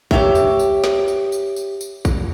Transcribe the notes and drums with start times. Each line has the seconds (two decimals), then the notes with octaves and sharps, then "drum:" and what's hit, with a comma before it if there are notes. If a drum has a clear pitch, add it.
0.11 G4 A4 C#5 E5 G5, drum: kick
0.35 drum: tambourine
0.59 drum: tambourine
0.84 drum: snare
1.08 drum: tambourine
1.32 drum: tambourine
1.56 drum: tambourine
1.81 drum: tambourine
2.05 drum: kick, tambourine